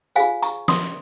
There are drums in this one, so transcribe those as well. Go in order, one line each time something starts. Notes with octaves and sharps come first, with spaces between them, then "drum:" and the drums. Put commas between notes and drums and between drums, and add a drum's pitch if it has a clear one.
F4 G#4 C5 F5 G#5, drum: tambourine
A#5 C#6, drum: tambourine
C6 D#6, drum: snare